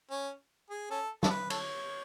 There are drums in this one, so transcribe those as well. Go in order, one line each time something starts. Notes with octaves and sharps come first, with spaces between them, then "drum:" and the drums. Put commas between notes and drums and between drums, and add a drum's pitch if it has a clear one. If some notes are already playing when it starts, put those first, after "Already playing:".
C#4
G#4
C#4 A4
A4, drum: snare
B4
A4 C#5, drum: cymbal